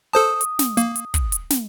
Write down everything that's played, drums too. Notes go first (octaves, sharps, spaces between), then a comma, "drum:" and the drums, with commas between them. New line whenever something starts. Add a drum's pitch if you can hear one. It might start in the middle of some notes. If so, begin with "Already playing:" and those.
A4 C5 A5 D#6
drum: hi-hat
drum: snare
A#3, drum: hi-hat
drum: hi-hat
drum: kick, hi-hat
drum: hi-hat
drum: snare